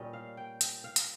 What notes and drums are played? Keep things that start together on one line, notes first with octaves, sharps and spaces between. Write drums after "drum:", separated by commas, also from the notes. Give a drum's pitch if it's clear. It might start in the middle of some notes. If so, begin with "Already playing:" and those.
Already playing: A#2 G3 C#4 D#5
F5
G5
G5, drum: hi-hat
F5
drum: hi-hat